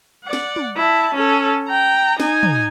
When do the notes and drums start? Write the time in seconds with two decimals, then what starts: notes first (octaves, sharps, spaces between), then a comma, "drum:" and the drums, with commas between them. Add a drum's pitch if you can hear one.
0.23 D5 F#5
0.33 drum: snare
0.56 drum: tom
0.76 E4 A5
1.15 C#4 A4
1.68 G5 A#5
2.20 D#4 G#5, drum: snare
2.43 drum: tom